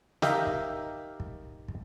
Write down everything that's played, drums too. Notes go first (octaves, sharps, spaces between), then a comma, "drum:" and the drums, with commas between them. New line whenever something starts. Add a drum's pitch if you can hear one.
D#4 G4 A#4 E5 F5, drum: snare
drum: kick
drum: kick
drum: kick